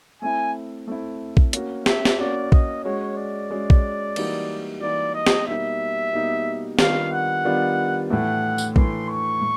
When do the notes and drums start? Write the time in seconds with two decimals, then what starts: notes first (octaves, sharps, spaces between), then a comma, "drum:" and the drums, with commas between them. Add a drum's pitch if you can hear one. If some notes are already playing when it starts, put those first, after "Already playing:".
0.22 A3 C4 E4 G#5
0.87 A3 C4 E4
1.37 drum: kick A#1
1.53 A#3 C#4 F#4, drum: hi-hat
1.86 E5, drum: snare
2.05 drum: snare
2.18 A#3 C#4 F#4 D5
2.52 D#5, drum: kick A#1
2.84 G#3 C#4 F#4 C#5
3.17 D5
3.51 G#3 C#4 F#4
3.70 drum: kick A#1
4.16 E3 G3 A#3 D#4 F#4, drum: cymbal
4.81 E3 G3 A#3 D#4 F#4 D5
5.14 D#5
5.27 drum: snare
5.47 B2 G3 A#3 D#4 E5
6.13 B2 G3 A#3 D#4
6.79 D#3 G3 B3 D4 F4 F5, drum: snare
7.12 F#5
7.45 D#3 G3 B3 D4 F4
8.10 A2 E3 A3 F#5
8.58 drum: tambourine
8.76 A2 E3 A3 C6, drum: kick A#1
9.09 C#6
9.41 A2